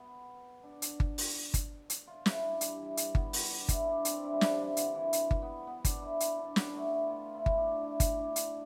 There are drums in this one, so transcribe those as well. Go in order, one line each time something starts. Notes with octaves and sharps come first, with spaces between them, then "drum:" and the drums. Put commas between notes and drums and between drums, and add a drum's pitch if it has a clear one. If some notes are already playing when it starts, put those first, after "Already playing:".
Already playing: B3
D4
drum: hi-hat
drum: kick G1
drum: open hi-hat
drum: kick G1, hi-hat
drum: hi-hat
F4
E4, drum: snare
D4
G3, drum: hi-hat
E3
drum: hi-hat
B3, drum: kick G1
drum: open hi-hat
D4
E4, drum: kick G1, hi-hat
D4
C4, drum: hi-hat
D4
E4
G3
F3, drum: snare
E3
D3, drum: hi-hat
E3
drum: hi-hat
drum: kick G1
B3
B3
D4, drum: kick G1, hi-hat
E4
drum: hi-hat
D4
B3, drum: snare
A3
E4
F4
E4
drum: kick G1
D4
E4
drum: kick G1, hi-hat
D4 E4
drum: hi-hat